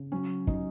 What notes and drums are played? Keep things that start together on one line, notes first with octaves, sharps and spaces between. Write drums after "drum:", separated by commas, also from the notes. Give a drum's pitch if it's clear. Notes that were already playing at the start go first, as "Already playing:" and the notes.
Already playing: C#3
F#3 C#4
F#3 D#4, drum: kick